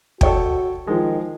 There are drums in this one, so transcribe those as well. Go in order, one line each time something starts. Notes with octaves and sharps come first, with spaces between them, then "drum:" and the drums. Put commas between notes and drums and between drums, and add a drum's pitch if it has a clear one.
F#4 A4 C#5 G5, drum: kick
D#3 F3 G#3